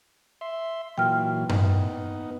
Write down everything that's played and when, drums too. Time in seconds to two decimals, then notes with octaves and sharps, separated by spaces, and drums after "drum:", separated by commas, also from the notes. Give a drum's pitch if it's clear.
0.41 E5 C6
0.98 A#2 E3 F#3 G5 F6
1.49 B3 D#4, drum: tom G2